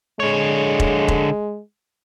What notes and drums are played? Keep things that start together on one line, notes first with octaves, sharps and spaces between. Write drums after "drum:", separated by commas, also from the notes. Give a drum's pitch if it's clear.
D3 G#3 C#5
drum: kick E1
drum: kick E1